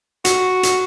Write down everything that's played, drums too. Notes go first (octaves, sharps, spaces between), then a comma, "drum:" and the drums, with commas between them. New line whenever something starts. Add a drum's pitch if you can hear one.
F#4, drum: hi-hat
drum: hi-hat